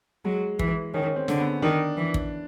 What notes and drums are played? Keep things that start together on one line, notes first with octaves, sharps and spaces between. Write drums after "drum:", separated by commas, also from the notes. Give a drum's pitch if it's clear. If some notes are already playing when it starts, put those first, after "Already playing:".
F#3 G#3
E3, drum: kick
D#3 C#4
C4
D3, drum: snare
B3
D#3 D4
E3
drum: kick